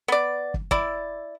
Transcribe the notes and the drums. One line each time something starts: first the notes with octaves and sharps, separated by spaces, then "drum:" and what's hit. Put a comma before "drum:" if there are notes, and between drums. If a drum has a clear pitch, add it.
B3 D5
drum: kick
E4 D5, drum: kick